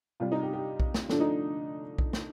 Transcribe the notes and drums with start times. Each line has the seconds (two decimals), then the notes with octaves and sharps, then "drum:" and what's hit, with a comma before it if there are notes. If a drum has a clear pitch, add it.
0.20 C3 G3 F4
0.32 D#4
0.43 G4
0.53 G4
0.80 drum: kick B1
0.94 drum: snare
1.09 D3 F3 A3 D4, drum: snare
1.20 D#4
1.98 drum: kick B1
2.13 drum: snare